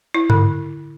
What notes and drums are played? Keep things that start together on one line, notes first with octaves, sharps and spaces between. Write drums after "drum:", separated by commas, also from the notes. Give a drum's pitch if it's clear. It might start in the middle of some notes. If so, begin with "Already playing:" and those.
E4
D3, drum: tom G2